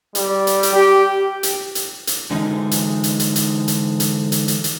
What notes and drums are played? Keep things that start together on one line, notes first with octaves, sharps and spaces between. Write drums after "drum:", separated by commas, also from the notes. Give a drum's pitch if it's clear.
G3, drum: hi-hat
drum: hi-hat
drum: hi-hat
G4
G4
drum: hi-hat
drum: hi-hat
drum: hi-hat
D3 E3 G#3 D#4
drum: hi-hat
drum: hi-hat
drum: hi-hat
drum: hi-hat
drum: hi-hat
drum: hi-hat
drum: hi-hat
drum: hi-hat
drum: hi-hat